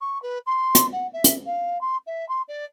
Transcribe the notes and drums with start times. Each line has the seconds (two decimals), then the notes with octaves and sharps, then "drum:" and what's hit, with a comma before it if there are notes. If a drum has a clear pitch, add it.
0.01 C#6
0.22 B4
0.46 C6
0.75 drum: hi-hat
0.92 F#5
1.13 E5
1.24 drum: hi-hat
1.46 F5
1.81 C6
2.07 E5
2.29 C6
2.48 D5